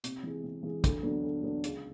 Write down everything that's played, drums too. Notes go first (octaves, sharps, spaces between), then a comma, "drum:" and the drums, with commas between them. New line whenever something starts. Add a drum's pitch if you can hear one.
C3, drum: hi-hat
E3 G#3
C3
E3 G#3
D2, drum: kick, hi-hat
D3 F#3 B3 D4
D2
D3 F#3 B3 D4
C#2, drum: hi-hat